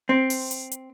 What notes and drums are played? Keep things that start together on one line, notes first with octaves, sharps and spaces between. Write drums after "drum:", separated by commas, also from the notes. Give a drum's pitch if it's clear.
C4
drum: open hi-hat
drum: hi-hat
drum: hi-hat